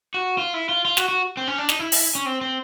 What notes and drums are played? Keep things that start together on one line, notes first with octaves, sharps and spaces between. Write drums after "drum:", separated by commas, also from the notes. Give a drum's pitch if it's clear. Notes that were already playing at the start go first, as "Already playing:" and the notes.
F#4
F4
E4
F4
F4
F#4, drum: snare
F#4
C4
C#4
D4
D#4, drum: snare
E4
drum: open hi-hat
C#4
C4
C4